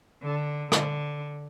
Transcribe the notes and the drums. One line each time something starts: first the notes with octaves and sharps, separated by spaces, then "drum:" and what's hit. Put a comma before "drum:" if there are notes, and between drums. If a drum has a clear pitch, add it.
D3
D3, drum: rim click